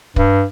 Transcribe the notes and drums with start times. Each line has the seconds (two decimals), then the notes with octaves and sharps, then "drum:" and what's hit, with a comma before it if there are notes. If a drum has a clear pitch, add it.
0.16 G2, drum: kick